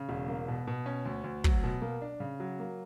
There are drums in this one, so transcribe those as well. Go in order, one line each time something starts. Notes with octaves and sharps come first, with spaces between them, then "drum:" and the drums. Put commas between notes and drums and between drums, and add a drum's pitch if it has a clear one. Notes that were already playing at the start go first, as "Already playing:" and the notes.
Already playing: C#3
E1
A#3
B2
B2
C#4
D2
D2
F#3, drum: kick
B2
A#3
D4
C#3
F#3
A#3